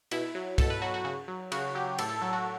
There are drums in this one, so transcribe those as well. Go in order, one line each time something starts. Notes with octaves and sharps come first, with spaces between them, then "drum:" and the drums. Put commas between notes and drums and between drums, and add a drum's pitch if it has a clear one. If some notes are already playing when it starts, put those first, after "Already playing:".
B2 E4, drum: cymbal
F#3
B2 A4, drum: kick, cymbal
B4
F#3 F#4
F#4
C#3 F#4
F#3
C#3 F#4, drum: cymbal
F#3 G4
A2 A4, drum: cymbal
A4
F#3 A4
F#4